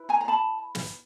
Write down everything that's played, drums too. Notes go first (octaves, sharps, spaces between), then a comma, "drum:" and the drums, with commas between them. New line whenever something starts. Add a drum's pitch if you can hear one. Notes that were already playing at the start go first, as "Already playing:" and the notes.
Already playing: E4 B4
G#5 A#5
A#5
A5 B5
drum: snare